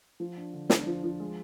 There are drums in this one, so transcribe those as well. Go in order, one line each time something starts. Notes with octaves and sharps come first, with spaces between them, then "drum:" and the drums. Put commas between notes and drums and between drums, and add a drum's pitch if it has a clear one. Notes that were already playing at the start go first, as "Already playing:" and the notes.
F3
D4
D3
D4, drum: snare
F3
F3
G#3